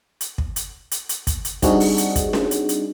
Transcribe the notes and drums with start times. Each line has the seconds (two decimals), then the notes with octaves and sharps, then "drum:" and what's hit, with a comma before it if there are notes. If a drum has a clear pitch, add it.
0.21 drum: hi-hat
0.38 drum: kick
0.56 drum: hi-hat
0.91 drum: hi-hat
1.09 drum: hi-hat
1.27 drum: kick, hi-hat
1.45 drum: hi-hat
1.62 G3 C4 D4 D#4 F#4 G#4, drum: kick, hi-hat
1.80 drum: open hi-hat
1.98 drum: hi-hat
2.16 drum: kick, hi-hat
2.33 drum: snare C#4
2.51 drum: hi-hat
2.69 drum: hi-hat